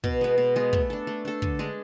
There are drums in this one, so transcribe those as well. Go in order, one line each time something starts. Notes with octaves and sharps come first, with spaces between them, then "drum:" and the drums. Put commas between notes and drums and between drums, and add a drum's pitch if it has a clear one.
B2, drum: kick
G#3 B3
B2
G#3 B3
A3, drum: kick
D4 A4
A3
D4 A4
D3, drum: kick
G#3 D4